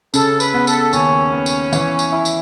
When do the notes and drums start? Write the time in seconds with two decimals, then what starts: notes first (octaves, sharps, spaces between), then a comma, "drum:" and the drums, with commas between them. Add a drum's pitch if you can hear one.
0.14 C#3 A4, drum: tambourine
0.40 B4, drum: tambourine
0.54 B3
0.67 A4, drum: tambourine
0.93 D#2 C#4, drum: tambourine
1.33 B3
1.46 drum: tambourine
1.73 E3, drum: tambourine
1.99 drum: tambourine
2.12 E4
2.25 drum: tambourine